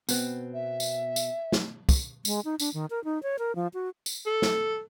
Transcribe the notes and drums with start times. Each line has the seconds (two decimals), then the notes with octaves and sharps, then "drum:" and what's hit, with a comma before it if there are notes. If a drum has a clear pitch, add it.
0.09 B2 B3 C4, drum: tambourine
0.54 E5
0.80 drum: tambourine
1.16 drum: tambourine
1.52 drum: snare
1.89 drum: kick, tambourine
2.25 G#3, drum: tambourine
2.45 D#4
2.60 D4, drum: tambourine
2.74 D#3
2.90 A#4
3.04 D#4
3.23 C#5
3.39 A#4
3.56 F3
3.74 F#4
4.06 drum: tambourine
4.26 A4
4.42 drum: snare